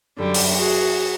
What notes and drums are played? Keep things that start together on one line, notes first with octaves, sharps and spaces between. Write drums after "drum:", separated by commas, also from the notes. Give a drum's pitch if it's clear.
F#2 D3 G3
drum: open hi-hat
F#4 G#4